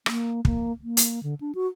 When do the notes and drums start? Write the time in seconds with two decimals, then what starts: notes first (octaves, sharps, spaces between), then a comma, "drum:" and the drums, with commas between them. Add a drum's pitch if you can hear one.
0.06 A#3, drum: rim click
0.45 A#3, drum: kick
0.83 A#3
0.97 drum: hi-hat
1.23 D3
1.41 D4
1.55 F#4